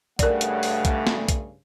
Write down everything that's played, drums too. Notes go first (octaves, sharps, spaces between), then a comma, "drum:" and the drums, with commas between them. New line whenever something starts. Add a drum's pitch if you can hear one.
G2 C#3 A3 A#4 D5 F#5, drum: kick B1, hi-hat
drum: hi-hat
drum: open hi-hat
drum: kick B1, hi-hat
drum: snare
drum: kick B1, hi-hat